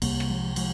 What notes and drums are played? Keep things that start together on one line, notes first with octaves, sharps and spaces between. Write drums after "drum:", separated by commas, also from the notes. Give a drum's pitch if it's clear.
C2 C3 G3 A#3, drum: cymbal
drum: rim click
F3 G#3
F3 G#3, drum: cymbal